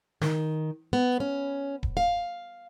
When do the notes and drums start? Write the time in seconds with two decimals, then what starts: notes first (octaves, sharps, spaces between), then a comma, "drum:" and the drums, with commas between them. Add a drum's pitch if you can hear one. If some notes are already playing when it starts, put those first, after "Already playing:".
0.22 D#3, drum: snare
0.93 B3
1.20 C#4
1.83 drum: kick D#1
1.97 F5